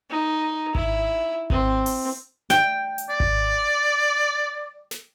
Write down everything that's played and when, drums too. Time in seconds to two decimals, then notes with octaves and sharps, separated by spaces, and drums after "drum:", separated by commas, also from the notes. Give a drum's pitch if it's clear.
0.10 D#4
0.75 E4, drum: kick G#1
1.50 C4, drum: kick G#1
1.86 drum: open hi-hat
2.50 G5, drum: snare
2.98 drum: hi-hat
3.09 D5
3.20 drum: kick G#1
4.91 drum: snare